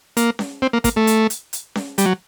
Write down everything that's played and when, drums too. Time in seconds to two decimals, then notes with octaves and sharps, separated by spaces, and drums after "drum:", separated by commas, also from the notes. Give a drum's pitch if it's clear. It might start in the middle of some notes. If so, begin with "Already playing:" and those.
0.17 A#3, drum: hi-hat
0.39 drum: snare C#4
0.62 C4
0.73 A#3
0.84 A#3, drum: kick, hi-hat
0.96 A3
1.07 drum: hi-hat
1.30 drum: hi-hat
1.53 drum: hi-hat
1.75 drum: snare C#4
1.98 G3, drum: hi-hat
2.06 F#3